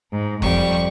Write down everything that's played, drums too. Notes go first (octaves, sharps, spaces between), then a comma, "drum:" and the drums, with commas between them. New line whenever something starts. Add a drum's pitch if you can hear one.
G#2
F2 G3 C#6, drum: kick F#1